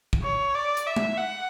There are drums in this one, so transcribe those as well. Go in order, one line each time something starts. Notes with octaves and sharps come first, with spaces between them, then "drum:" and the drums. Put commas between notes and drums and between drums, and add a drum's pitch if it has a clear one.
drum: kick
C#5
D5
drum: hi-hat
E5
drum: tom G#3
F#5